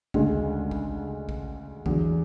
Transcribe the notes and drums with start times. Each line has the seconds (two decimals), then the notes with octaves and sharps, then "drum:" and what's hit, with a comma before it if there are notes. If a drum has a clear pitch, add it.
0.14 D2 C#3 G#3 D4, drum: kick A#1
0.71 drum: kick A#1
1.29 drum: kick A#1
1.86 E2 D3 F#3, drum: kick A#1